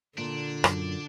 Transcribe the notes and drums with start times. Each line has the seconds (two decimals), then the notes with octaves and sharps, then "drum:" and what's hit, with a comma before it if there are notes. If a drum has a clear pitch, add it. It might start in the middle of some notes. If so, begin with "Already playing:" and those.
0.18 A#2 D3 D4
0.64 F#2, drum: rim click